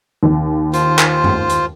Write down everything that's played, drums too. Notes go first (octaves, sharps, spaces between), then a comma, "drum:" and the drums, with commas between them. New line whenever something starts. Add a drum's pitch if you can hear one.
D#2
F4 C5, drum: hi-hat
drum: clap
drum: tom F#2
drum: hi-hat